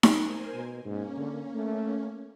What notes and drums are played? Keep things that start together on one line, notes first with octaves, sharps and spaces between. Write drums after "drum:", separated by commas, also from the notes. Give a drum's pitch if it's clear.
drum: snare D#4
A#4 C5 G#5
B2
G#2 A#3 C#4
D3
A3